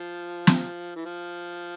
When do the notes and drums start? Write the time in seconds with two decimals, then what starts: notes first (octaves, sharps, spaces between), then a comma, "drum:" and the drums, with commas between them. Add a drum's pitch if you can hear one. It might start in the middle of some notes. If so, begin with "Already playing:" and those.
Already playing: F3
0.47 drum: snare
0.96 E3
1.05 F3